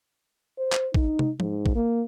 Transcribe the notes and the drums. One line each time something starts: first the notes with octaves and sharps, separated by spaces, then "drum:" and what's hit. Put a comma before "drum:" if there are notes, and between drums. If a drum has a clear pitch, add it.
C5
drum: clap
D#4, drum: kick
drum: tom
G#2, drum: tom F3
drum: kick
A#3